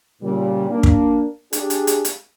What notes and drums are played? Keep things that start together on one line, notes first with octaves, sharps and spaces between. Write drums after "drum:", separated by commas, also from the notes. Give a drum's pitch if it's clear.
A#2 C#3 G3
A#3 D4
drum: kick
D4 G4 G#4, drum: hi-hat
drum: hi-hat
drum: hi-hat
drum: hi-hat